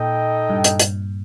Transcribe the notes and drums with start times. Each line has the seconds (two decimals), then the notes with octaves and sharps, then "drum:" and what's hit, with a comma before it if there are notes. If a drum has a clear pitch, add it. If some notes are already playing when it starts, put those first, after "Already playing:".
Already playing: A#2 D#4 A4 D#5 G5
0.50 G2
0.64 drum: hi-hat
0.80 drum: hi-hat